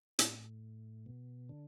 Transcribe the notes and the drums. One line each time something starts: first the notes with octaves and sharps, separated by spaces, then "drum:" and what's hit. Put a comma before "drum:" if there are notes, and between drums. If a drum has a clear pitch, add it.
A2, drum: hi-hat
B2
D3